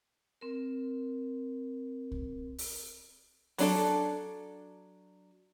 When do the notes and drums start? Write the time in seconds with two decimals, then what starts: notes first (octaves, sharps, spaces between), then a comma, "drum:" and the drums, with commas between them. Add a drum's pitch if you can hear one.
0.41 C4 A#4
2.11 drum: kick C2
2.58 drum: open hi-hat
3.58 F#3 D4 A4, drum: open hi-hat